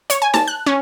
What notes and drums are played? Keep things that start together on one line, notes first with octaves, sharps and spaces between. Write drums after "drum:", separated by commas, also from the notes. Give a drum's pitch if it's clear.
C#5, drum: hi-hat
G#5
A5, drum: snare
F#6
C#4